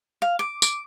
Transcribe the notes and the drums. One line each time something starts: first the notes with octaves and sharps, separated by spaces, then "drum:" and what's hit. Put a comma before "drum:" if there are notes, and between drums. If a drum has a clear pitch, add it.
F5
D6
D6, drum: tambourine